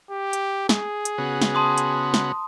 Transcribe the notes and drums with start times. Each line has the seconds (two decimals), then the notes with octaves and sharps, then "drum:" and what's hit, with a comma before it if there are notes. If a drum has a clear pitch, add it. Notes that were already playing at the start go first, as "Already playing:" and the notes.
0.10 G4
0.33 drum: hi-hat
0.69 G#4, drum: snare
1.05 drum: hi-hat
1.18 C#3 B3 F#4
1.42 drum: snare
1.55 A5 C6 D#6
1.78 drum: hi-hat
2.14 drum: snare